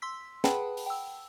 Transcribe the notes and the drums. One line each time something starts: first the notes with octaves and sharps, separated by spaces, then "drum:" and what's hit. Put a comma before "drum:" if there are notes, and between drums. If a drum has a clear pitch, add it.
C6 E6 B6
G#4 B4 F#5 G5 A5 B5, drum: snare
drum: open hi-hat
G5 E6